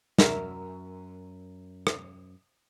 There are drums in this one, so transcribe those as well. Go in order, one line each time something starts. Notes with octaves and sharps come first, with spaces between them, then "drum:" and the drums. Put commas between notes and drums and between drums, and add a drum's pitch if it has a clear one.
F#2 A#4 E5, drum: snare
drum: rim click